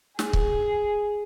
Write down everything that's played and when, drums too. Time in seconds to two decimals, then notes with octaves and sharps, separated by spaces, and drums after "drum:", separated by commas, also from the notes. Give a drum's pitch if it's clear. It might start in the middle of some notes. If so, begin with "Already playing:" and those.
0.19 G#4, drum: snare
0.33 drum: kick C#1